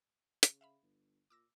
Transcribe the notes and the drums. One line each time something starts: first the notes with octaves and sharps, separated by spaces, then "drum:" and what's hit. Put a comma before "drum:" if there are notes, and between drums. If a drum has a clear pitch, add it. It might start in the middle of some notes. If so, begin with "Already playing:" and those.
C#3, drum: hi-hat
E5 F5 B5
G1
A#2 D6 E6 A#6